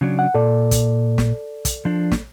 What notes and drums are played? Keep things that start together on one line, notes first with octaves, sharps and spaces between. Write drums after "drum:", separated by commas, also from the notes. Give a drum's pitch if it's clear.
C#3 F#3 D4
F#5
A#2 A4 D5
drum: kick, hi-hat
drum: snare
drum: kick, hi-hat
F3 D4
drum: snare